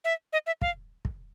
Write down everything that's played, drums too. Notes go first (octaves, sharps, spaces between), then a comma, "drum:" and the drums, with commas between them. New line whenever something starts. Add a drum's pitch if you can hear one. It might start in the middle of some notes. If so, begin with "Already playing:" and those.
E5
D#5
E5
F5, drum: kick
drum: kick